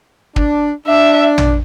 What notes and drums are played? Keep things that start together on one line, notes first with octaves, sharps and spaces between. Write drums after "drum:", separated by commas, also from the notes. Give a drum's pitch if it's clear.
D4, drum: kick
D4 E5
drum: tom